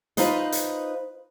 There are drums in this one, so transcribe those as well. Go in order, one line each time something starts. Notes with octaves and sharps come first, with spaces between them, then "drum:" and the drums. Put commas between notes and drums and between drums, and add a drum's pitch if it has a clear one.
D#4 F4 B4 C5 D#5, drum: hi-hat
drum: hi-hat